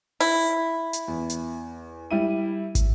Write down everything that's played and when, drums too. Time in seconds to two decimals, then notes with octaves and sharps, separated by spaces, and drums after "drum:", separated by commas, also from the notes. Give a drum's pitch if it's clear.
0.20 E4, drum: open hi-hat
0.93 drum: hi-hat
1.08 E2
1.30 drum: hi-hat
2.11 G3 E4 D#7
2.75 drum: kick, hi-hat